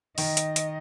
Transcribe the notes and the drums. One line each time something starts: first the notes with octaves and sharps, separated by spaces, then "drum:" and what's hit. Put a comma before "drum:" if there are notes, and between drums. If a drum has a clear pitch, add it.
D#3 D#5, drum: open hi-hat
drum: hi-hat
drum: hi-hat